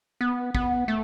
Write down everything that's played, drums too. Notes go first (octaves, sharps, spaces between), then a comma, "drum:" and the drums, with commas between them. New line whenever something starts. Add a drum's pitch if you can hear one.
B3
B3, drum: kick
A3